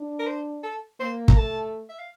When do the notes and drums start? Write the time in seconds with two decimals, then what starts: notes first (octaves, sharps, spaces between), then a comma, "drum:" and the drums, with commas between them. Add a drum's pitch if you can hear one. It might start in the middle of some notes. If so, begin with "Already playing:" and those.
Already playing: D4
0.19 A#4
0.27 C5
0.63 A4
1.00 A#3 C5
1.28 A#5, drum: kick
1.37 A3 A5
1.89 E5
1.99 F5